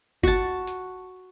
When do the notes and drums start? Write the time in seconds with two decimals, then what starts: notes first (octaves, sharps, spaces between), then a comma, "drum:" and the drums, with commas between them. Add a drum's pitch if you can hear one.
0.23 F#4 A5, drum: kick G1
0.67 drum: hi-hat